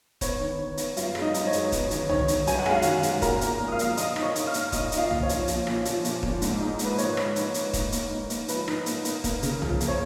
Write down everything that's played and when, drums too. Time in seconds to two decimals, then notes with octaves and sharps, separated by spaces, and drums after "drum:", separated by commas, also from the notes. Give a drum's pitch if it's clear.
0.21 B3 C#5, drum: kick, hi-hat
0.40 D#3
0.59 D#3
0.77 B3, drum: hi-hat
0.97 F#2 F4 F5, drum: hi-hat
1.15 G#3, drum: rim click
1.21 D#4 D#5
1.34 F#2, drum: hi-hat
1.47 C#5
1.53 G#3, drum: hi-hat
1.72 B3, drum: kick, hi-hat
1.91 D#3, drum: hi-hat
2.09 D#3 C#5, drum: tom
2.28 D#3, drum: hi-hat
2.47 F#2 G#5, drum: hi-hat
2.59 F#5
2.66 G#3 F5, drum: rim click
2.82 D#3 F#4 F#5, drum: hi-hat
3.03 G#3, drum: hi-hat
3.22 A#2 A#4 A#5, drum: kick, hi-hat
3.41 A#2, drum: hi-hat
3.60 A#3
3.68 D#6
3.72 F5 F6
3.79 F3, drum: hi-hat
3.97 A#2 D#5 D#6, drum: hi-hat
4.16 D#4, drum: rim click
4.22 C#5 C#6
4.35 D#4, drum: hi-hat
4.47 F5 F6
4.54 A#3, drum: hi-hat
4.72 A#2 D#5 D#6, drum: kick, hi-hat
4.92 D#4, drum: hi-hat
4.97 F4 F5
5.11 A#2, drum: tom
5.23 C#5
5.29 F3, drum: hi-hat
5.48 F3, drum: hi-hat
5.67 A#2, drum: rim click
5.85 F3, drum: hi-hat
6.05 A#2, drum: hi-hat
6.23 F3, drum: kick
6.42 G#2, drum: hi-hat
6.61 D#4
6.79 A#3, drum: hi-hat
6.85 B4
6.98 F3 C#5, drum: hi-hat
7.17 F3, drum: rim click
7.36 D#4, drum: hi-hat
7.54 A#3, drum: hi-hat
7.73 D#4, drum: kick, hi-hat
7.92 A#3, drum: hi-hat
8.11 D#4
8.30 A#3, drum: hi-hat
8.48 F3 B4, drum: hi-hat
8.68 D#4, drum: rim click
8.86 A#3, drum: hi-hat
9.05 A#3, drum: hi-hat
9.24 A#3, drum: kick, hi-hat
9.42 C#3, drum: hi-hat
9.62 F3, drum: tom
9.80 A#3, drum: hi-hat
9.88 C#5